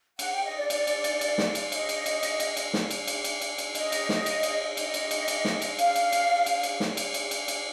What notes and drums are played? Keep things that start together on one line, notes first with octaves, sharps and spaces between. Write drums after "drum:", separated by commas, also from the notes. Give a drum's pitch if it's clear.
F#5, drum: cymbal
G5
D#5
D5
D5, drum: cymbal
drum: cymbal
drum: cymbal
drum: cymbal
drum: snare
drum: cymbal
D#5, drum: cymbal
drum: cymbal
drum: cymbal
drum: cymbal
drum: cymbal
drum: cymbal
drum: snare
drum: cymbal
drum: cymbal
drum: cymbal
drum: cymbal
drum: cymbal
D#5, drum: cymbal
drum: cymbal
drum: snare
drum: cymbal
drum: cymbal
D#5, drum: cymbal
drum: cymbal
drum: cymbal
drum: cymbal
drum: snare
drum: cymbal
F5, drum: cymbal
drum: cymbal
drum: cymbal
drum: cymbal
drum: cymbal
drum: snare
drum: cymbal
drum: cymbal
drum: cymbal
drum: cymbal